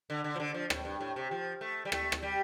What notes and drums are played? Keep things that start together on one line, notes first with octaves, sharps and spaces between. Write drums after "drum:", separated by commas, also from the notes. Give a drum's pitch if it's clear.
D3
D3
F3
D3
F3
A2, drum: rim click
G2
A2
C3
F3
A3
G3
A3, drum: rim click
drum: rim click
G3